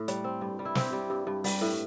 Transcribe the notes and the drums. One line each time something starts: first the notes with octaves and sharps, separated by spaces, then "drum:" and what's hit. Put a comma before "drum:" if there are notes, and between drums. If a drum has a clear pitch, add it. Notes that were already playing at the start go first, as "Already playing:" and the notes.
Already playing: A2
G3, drum: hi-hat
C4
G2
G3
E4
C4 G4, drum: snare
G3
G2
G2
G3, drum: open hi-hat
A2